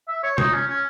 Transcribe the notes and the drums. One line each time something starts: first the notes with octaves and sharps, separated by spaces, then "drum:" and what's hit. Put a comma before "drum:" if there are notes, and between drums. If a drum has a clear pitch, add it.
E5
C#5
D#4, drum: tom C3
C#4
C#4